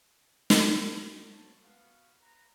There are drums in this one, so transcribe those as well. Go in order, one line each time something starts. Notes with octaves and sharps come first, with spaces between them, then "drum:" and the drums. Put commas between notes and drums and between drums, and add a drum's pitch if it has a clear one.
drum: snare
A#3 F#4 C5 C#5 A5
B3 F#4 B4 F5
B4 A#5